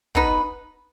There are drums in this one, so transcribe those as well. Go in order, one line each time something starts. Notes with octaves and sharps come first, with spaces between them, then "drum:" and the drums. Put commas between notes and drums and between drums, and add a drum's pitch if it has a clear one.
B2 B3 D#4 B4, drum: kick